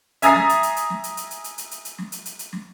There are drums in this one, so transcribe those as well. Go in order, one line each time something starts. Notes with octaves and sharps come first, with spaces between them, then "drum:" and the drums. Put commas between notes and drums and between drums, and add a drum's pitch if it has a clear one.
E5 G#5 A#5 D#6 A6 C7, drum: hi-hat
drum: snare
drum: hi-hat
drum: hi-hat
drum: hi-hat
drum: snare
drum: hi-hat
drum: hi-hat
drum: hi-hat
drum: hi-hat
drum: hi-hat
drum: hi-hat
drum: hi-hat
drum: snare
drum: hi-hat
drum: hi-hat
drum: hi-hat
drum: snare